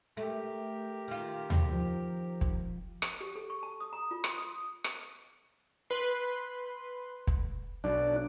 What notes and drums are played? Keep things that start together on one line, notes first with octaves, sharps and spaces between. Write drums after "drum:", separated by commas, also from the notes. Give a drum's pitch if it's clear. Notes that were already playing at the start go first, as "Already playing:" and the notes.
A3 G4 A#4
D#3 F4
drum: tom D#2
F3
drum: kick
drum: rim click
G4
A4
C#6
A5
D#6
A#5
F4
C6, drum: rim click
D#6
drum: rim click
B4 C6
drum: kick
B1 D4